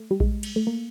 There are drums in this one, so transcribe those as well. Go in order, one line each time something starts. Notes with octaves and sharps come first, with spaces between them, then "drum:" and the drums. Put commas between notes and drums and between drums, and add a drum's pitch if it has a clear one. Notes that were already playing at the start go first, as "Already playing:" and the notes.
Already playing: A3
G3
G#2 G#3, drum: kick A#1
drum: cymbal
A3
A#3